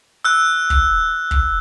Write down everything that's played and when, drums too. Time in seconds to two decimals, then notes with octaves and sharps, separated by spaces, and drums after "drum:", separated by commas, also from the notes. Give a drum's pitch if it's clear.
0.25 E6 F#6
0.70 drum: kick
1.31 drum: kick